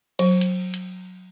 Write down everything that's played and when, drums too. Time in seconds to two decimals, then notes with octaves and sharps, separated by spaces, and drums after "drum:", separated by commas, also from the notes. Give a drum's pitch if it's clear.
0.19 F#3, drum: cymbal
0.41 drum: hi-hat
0.74 drum: hi-hat